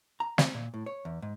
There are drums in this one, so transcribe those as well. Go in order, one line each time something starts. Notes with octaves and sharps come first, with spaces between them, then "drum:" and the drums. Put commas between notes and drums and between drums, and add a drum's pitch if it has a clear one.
A#5
C4, drum: snare
A#2
A2
C#5
E2
G#2